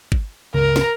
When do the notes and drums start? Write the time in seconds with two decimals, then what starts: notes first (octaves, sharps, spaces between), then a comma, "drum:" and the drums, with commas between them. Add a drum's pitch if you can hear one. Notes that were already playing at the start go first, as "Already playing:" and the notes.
0.12 drum: kick G1
0.54 G1 C#2 C#3 A#4 A#5
0.76 drum: snare